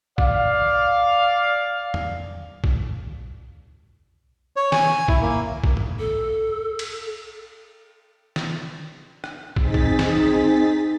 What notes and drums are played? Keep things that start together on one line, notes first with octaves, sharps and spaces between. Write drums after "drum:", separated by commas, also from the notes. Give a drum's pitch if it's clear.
D5 F5, drum: kick
drum: tom E2
drum: kick
C#5
G#5, drum: snare
E4, drum: kick
A#3
drum: kick
drum: tom G#2
A4
drum: cymbal
drum: snare
drum: rim click
C4 D#4 G#4 A6 B6, drum: kick
drum: kick
drum: snare